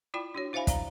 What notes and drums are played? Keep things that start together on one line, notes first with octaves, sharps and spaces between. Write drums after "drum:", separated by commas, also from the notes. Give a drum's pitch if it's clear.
E4 F4 D5 G5 B5 D6
D4 F#4 C#5
E4 C5 E5 F5 G#5 B5
D5 F5 A#5, drum: kick, hi-hat